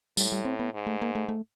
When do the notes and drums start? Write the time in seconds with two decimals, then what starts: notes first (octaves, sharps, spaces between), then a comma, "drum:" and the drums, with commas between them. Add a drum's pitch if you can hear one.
0.17 A2 G3, drum: tambourine
0.32 G3
0.45 C4
0.60 B3
0.74 G#2
0.87 A3
1.02 A#3
1.15 A3
1.29 A3